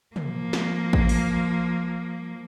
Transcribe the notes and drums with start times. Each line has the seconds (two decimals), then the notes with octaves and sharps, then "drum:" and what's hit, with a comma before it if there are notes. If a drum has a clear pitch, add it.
0.16 F3 A#3, drum: tom
0.53 drum: snare
0.93 drum: kick A1
1.09 drum: open hi-hat